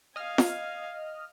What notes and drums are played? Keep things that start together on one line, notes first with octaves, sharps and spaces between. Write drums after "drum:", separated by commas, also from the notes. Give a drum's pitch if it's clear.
D#5 F5 G#5 F6
drum: snare